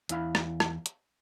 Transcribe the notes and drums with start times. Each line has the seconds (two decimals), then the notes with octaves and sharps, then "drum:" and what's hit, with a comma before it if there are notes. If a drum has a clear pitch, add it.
0.09 E2 E4 F5 B5, drum: hi-hat
0.35 drum: rim click
0.60 drum: rim click
0.86 drum: hi-hat